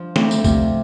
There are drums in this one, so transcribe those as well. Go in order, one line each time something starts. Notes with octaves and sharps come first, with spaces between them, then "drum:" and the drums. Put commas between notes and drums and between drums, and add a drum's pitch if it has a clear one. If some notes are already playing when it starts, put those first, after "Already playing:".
Already playing: F3 D4
D2 A3 C4, drum: snare
drum: tambourine
C3 F3 A3, drum: kick C2, tambourine